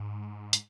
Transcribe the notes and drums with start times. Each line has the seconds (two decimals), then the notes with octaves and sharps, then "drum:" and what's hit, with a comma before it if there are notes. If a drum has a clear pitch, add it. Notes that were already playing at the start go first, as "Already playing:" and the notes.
Already playing: G#2
0.53 drum: hi-hat